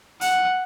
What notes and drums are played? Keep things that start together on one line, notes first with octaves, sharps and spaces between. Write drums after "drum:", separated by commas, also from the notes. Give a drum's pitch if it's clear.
F#5, drum: open hi-hat